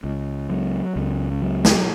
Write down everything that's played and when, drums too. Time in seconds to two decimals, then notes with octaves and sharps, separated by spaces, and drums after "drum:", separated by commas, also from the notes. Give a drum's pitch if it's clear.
0.04 C#2
0.50 F#3
0.96 C#2
1.42 F#3
1.65 drum: snare